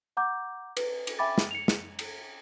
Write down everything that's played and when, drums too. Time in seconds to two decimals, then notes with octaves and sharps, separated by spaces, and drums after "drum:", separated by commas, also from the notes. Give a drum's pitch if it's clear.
0.17 F#5 A#5 D6 G6
0.77 B4, drum: cymbal
1.07 drum: cymbal
1.19 E5 G5 G#5 B5 D6 A6
1.38 drum: snare
1.51 C#7 F7
1.68 drum: snare
1.99 drum: cymbal